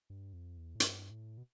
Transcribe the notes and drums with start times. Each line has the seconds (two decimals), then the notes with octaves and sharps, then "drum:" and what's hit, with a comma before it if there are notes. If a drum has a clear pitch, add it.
0.10 G2
0.33 F2
0.57 E2
0.75 A2
0.80 G2, drum: hi-hat
1.11 A2
1.38 B2